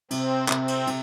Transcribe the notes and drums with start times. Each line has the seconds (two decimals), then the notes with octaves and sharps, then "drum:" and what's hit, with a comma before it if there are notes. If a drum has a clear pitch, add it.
0.11 C3 C4, drum: cymbal
0.48 C3 C4, drum: clap
0.68 drum: cymbal
0.87 C3, drum: cymbal